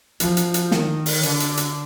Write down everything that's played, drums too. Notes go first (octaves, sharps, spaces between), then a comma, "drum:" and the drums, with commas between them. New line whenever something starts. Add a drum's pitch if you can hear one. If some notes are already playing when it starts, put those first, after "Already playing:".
F3, drum: hi-hat
drum: hi-hat
drum: hi-hat
D#3, drum: snare
drum: open hi-hat
D3, drum: hi-hat
drum: hi-hat
drum: hi-hat